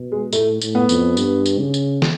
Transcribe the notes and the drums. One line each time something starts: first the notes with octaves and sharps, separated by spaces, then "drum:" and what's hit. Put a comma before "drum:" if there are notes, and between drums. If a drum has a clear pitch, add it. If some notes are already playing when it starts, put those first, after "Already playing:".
Already playing: B2
G#3
A2 A3, drum: tambourine
A2, drum: tambourine
B3
F2, drum: tambourine
G2, drum: tambourine
drum: tambourine
C#3
drum: tambourine
drum: snare